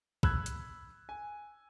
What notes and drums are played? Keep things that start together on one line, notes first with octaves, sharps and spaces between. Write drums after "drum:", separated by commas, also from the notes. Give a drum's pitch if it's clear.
B5 E6 F#6 G#6, drum: kick
drum: hi-hat
G#5